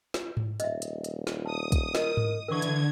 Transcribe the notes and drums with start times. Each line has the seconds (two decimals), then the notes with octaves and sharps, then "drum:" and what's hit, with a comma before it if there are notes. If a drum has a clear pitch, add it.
0.14 drum: snare
0.37 drum: tom G#2
0.60 D#1 D#5 E5, drum: hi-hat
0.82 drum: hi-hat
1.04 drum: hi-hat
1.27 drum: snare
1.46 A5 D#6
1.72 drum: kick, hi-hat
1.95 A#4 D#5, drum: snare
2.17 drum: tom G#2
2.48 D3 E3 A#4 C#6 G#6
2.62 drum: hi-hat